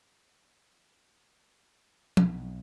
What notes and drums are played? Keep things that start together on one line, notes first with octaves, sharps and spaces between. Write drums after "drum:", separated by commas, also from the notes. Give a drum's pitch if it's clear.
B1, drum: tom